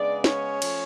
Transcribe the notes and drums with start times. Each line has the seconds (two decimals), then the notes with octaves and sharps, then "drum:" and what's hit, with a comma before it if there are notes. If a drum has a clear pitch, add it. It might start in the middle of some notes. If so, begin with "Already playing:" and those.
Already playing: C#3 G#3 B3 D4 D5
0.24 C#4 C#5, drum: snare
0.62 F3 A3, drum: cymbal